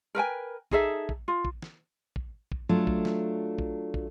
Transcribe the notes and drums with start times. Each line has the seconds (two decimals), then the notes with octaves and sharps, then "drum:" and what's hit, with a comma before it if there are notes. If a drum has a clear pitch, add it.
0.15 A#4 B4 G5 G#5
0.71 D#4 G#4 A4 E5, drum: kick
1.09 drum: kick
1.28 F4
1.45 drum: kick
1.62 drum: snare
2.16 drum: kick
2.52 drum: kick
2.69 F#3 A3 D4 F4
2.87 drum: kick
3.05 drum: snare
3.59 drum: kick
3.94 drum: kick